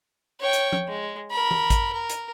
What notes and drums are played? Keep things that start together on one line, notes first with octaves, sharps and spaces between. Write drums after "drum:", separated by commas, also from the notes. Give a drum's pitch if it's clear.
C#5 G5
drum: hi-hat
drum: tom
G#3
A#4 B5
drum: tom E3
drum: kick A1, hi-hat
A#4
drum: hi-hat